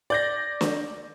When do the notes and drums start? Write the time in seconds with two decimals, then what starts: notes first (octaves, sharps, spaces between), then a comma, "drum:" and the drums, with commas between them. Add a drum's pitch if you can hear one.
0.10 D5 G6 A#6
0.61 drum: snare